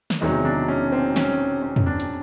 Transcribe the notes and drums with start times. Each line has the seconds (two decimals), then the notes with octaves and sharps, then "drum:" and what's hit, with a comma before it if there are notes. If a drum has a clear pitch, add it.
0.10 drum: snare
0.21 E1 E2 C3 D#3 F#3 D#4
0.45 D4
0.68 C#4
0.92 C4
1.16 C#4, drum: snare
1.62 C#4
1.76 drum: tom
1.86 D4
2.00 drum: hi-hat